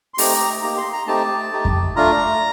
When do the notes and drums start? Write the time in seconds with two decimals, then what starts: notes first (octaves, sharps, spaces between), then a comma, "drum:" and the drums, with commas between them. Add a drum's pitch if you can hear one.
0.14 C6
0.18 A3 C4 D#4 G4 A#5, drum: open hi-hat
0.63 A#3 D#4 G4 A#5
0.77 C6
0.92 A#5
1.07 A3 C4 D#4 G4 A5
1.51 A3 D#4 G4
1.65 drum: kick F2
1.96 A3 D4 F4 A#5